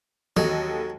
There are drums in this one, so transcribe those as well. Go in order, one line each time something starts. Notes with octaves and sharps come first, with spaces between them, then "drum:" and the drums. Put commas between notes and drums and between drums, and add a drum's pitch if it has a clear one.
D#2 F#3 A4 D#5, drum: tom